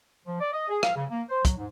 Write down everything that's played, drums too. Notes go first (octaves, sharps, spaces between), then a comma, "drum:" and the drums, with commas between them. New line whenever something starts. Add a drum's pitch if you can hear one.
F3
D5
D#5
G#4
F5, drum: rim click
C#3
A#3
C5
F#3, drum: kick, hi-hat
G#2